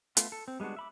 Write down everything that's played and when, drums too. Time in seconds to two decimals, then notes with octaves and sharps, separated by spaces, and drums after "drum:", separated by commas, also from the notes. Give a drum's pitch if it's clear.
0.17 A3 B3 F4, drum: hi-hat
0.32 A4
0.48 C4
0.60 G3 G#3 B3 D4 F#4
0.76 E5 B5 D6